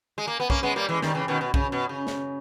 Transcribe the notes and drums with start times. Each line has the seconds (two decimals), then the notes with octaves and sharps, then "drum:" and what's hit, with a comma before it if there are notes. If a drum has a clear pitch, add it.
0.18 G#3
0.28 A#3
0.40 B3
0.50 A#3 C#4, drum: kick B1
0.63 G#3 B3
0.76 G3 A#3
0.89 E3 G#3
1.02 D#3 G3, drum: snare
1.15 C#3 E3
1.28 B2 D#3
1.41 B2
1.54 C#3, drum: kick B1
1.72 B2
1.89 C#3
2.07 drum: snare